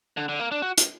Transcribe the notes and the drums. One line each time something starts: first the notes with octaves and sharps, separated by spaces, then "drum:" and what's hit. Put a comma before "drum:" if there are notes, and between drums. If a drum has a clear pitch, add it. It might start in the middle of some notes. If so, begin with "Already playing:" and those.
D3
D3
A#3
D4
F#4
drum: hi-hat